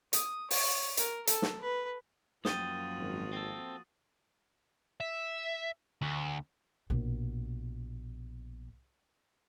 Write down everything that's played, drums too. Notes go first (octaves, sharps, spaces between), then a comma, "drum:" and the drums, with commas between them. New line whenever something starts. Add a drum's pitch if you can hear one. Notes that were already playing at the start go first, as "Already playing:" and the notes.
D#6, drum: hi-hat
C#5, drum: open hi-hat
A#4, drum: hi-hat
A4, drum: hi-hat
drum: snare
B4
F#2 F3 A#3 F#4 G5 D#6 A6 D#7, drum: snare
G#1
C4 A4
E5
D2
A#1 B2